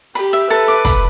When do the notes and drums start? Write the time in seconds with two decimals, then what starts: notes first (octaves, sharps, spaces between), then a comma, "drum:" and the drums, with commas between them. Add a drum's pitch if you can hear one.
0.15 G4 B5, drum: open hi-hat
0.33 E5
0.50 A4 B4
0.68 D6
0.85 B5, drum: kick, hi-hat